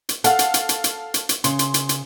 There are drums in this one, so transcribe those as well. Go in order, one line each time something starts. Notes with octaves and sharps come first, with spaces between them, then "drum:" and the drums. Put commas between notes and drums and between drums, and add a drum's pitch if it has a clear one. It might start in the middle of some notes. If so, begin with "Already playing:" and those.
drum: hi-hat
A4 F5 F#5, drum: hi-hat
drum: hi-hat
drum: hi-hat
drum: hi-hat
drum: hi-hat
drum: hi-hat
drum: hi-hat
C#3 C6, drum: hi-hat
drum: hi-hat
drum: hi-hat
drum: hi-hat